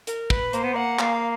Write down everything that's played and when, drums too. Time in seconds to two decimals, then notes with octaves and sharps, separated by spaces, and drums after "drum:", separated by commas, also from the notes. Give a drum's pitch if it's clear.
0.07 A#4, drum: hi-hat
0.30 B4, drum: kick
0.53 A#3 C5, drum: hi-hat
0.63 B3
0.74 A#3 F#5
0.99 A#3 F5, drum: clap